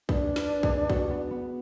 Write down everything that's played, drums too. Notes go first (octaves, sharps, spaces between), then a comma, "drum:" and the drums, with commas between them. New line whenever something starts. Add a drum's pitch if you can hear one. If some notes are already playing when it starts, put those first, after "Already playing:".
D4 B4, drum: kick
B4, drum: snare
G#4, drum: kick
F#4, drum: kick
B3
B3